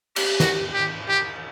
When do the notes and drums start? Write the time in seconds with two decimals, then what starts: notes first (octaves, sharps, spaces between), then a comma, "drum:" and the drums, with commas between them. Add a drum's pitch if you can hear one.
0.16 G4, drum: cymbal
0.40 F#4, drum: snare
0.74 G4
1.08 G4